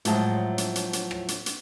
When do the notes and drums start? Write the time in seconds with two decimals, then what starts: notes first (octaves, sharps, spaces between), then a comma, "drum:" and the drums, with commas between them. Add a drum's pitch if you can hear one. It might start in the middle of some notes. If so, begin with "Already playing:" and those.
0.05 A2 F3 F#3 G#3, drum: hi-hat
0.58 drum: hi-hat
0.76 drum: hi-hat
0.93 drum: hi-hat
1.11 drum: rim click
1.28 drum: hi-hat
1.46 drum: hi-hat